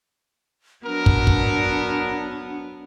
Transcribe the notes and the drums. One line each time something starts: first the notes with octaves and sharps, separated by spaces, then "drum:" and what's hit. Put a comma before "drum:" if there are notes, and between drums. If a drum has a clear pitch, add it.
F#3 B3 D4 A#4
drum: kick
drum: kick